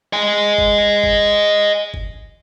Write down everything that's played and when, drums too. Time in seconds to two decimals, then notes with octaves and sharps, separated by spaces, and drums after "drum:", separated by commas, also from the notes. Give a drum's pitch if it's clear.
0.13 D#5 G#5
0.58 drum: kick F#1
1.03 drum: kick F#1
1.94 drum: kick F#1